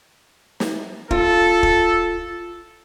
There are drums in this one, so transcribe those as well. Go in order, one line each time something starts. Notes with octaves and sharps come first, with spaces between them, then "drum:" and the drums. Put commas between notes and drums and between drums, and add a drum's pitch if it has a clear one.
drum: snare
F4 A4, drum: kick
drum: kick